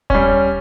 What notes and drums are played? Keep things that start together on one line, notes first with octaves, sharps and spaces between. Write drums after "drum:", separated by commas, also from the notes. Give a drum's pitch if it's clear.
G3 C#4, drum: kick D#1